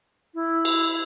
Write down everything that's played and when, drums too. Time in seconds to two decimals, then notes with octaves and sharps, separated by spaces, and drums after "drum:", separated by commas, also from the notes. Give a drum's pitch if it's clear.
0.34 E4
0.65 drum: cymbal